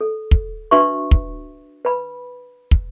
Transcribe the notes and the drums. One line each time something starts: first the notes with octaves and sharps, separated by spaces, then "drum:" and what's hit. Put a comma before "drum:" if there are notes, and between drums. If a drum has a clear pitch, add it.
A4
drum: kick
D4 F#4 B4 E5 C6 C#6
drum: kick
B4 B5
drum: kick